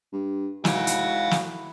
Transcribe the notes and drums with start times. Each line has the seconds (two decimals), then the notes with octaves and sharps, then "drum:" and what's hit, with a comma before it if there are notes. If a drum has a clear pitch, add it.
0.13 G2
0.65 G#2 E4 F#4 F5 G#5, drum: snare
0.87 drum: hi-hat
1.31 drum: snare